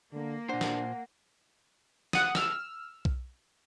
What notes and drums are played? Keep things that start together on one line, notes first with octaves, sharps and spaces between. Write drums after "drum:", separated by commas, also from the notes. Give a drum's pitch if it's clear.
D3 A#3
A#2 D4 C5 F#5
drum: snare
F#5 D#6, drum: snare
E6 F6, drum: snare
drum: kick B1